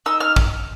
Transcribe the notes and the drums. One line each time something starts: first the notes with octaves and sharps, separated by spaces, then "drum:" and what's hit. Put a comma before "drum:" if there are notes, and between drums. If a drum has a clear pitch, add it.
D#4 E6
F6
drum: kick